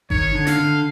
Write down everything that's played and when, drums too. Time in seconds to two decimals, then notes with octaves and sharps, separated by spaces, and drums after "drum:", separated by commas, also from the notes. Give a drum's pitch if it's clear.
0.10 D#3 C#5, drum: kick G1
0.35 D3
0.47 F5, drum: snare
0.60 D3